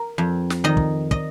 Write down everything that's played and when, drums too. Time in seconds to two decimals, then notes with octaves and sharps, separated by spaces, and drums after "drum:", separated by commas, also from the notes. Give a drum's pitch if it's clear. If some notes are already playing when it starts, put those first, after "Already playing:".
Already playing: A#4
0.18 F2
0.50 drum: snare
0.64 D#3 D#5
0.77 drum: kick
1.11 D#5, drum: kick